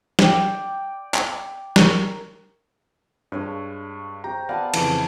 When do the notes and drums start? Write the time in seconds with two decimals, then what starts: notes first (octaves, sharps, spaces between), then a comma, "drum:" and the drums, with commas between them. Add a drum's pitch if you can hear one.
0.19 D5 G5, drum: snare
1.14 drum: clap
1.76 A#4 C#5, drum: snare
3.32 G2 G#3 C#5 D#6
4.24 G4 C5 A#5
4.49 B3 D5 F5 F#5 G#5 A5
4.74 F2 C#3 E3, drum: cymbal